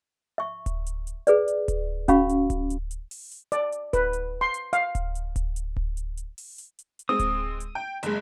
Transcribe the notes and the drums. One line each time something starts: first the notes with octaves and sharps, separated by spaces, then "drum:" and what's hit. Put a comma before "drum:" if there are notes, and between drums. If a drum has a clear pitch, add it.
E5 C#6
drum: kick D1, hi-hat
drum: hi-hat
drum: hi-hat
G#4 B4 D5, drum: hi-hat
drum: hi-hat
drum: kick D1, hi-hat
C#4 F#4 F5 B5 C#6, drum: kick D1, hi-hat
drum: hi-hat
drum: kick D1, hi-hat
drum: hi-hat
drum: hi-hat
drum: open hi-hat
drum: hi-hat
D5, drum: hi-hat
drum: hi-hat
B4, drum: kick D1, hi-hat
drum: hi-hat
C6
drum: hi-hat
F5, drum: hi-hat
drum: kick D1, hi-hat
drum: hi-hat
drum: kick D1, hi-hat
drum: hi-hat
drum: kick D1
drum: hi-hat
drum: hi-hat
drum: open hi-hat
drum: hi-hat
drum: hi-hat
drum: hi-hat
G#3 C4 D#6
drum: kick D1, hi-hat
drum: hi-hat
G5
F#1 G#3, drum: hi-hat